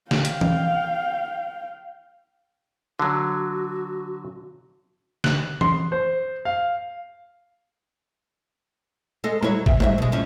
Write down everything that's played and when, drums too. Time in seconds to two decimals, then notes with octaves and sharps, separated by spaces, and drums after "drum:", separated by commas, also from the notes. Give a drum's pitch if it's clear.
0.11 F5 G5, drum: snare
0.25 drum: hi-hat
0.41 drum: tom E3
2.99 D3 F#3 F#4
5.24 F#6, drum: snare
5.61 C6, drum: tom E3
5.92 C5
6.45 F5
9.24 G#3 A4 D#5
9.43 F#3 E4 C#5, drum: tom G3
9.66 E5, drum: kick
9.80 G#2 F#3 E5, drum: tom G3
9.98 B2 G#3
10.12 F2 A2 C#4